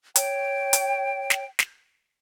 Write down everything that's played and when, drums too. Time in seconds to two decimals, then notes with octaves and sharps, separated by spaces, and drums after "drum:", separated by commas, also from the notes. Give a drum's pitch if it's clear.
0.16 C#5 G5, drum: hi-hat
0.73 drum: hi-hat
1.30 drum: snare
1.59 drum: snare